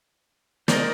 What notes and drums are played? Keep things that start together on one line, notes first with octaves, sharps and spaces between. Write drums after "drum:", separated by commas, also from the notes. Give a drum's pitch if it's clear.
A#4 C5 D5 D#5, drum: snare